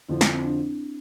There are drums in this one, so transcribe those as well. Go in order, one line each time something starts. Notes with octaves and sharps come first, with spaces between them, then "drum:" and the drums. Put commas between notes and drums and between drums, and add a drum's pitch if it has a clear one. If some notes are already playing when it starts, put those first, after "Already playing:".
F2 D3 F3 E4
C4, drum: snare
C4
D4